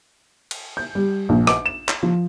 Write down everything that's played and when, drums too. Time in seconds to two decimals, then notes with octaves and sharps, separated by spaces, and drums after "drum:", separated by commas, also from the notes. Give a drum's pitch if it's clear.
0.51 drum: cymbal
0.77 G6
0.95 G3
1.29 A#1
1.47 D6, drum: rim click
1.66 E7
1.89 drum: clap
2.03 F3